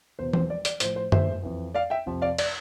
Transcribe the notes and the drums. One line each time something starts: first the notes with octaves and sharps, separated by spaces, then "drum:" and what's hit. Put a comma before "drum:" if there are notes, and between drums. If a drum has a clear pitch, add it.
E2 B2 C5
C5, drum: tom E3
D5
D5, drum: hi-hat
A2 F3 C5, drum: hi-hat
C5
C5 E5, drum: tom F#2
F2 E3
D5 F5
E5 G5
F2 C3 F3
D5 F5
D5, drum: cymbal